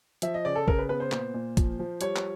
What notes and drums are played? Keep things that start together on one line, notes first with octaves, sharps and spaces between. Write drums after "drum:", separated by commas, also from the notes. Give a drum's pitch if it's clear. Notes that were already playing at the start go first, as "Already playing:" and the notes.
F3 E5, drum: hi-hat
D#5
C#3 D5
A4
C#3 A#4, drum: kick
B4
B3 B4
C5
A#2, drum: clap
A#2
F3, drum: kick, hi-hat
F3
G3 C#5, drum: hi-hat
drum: clap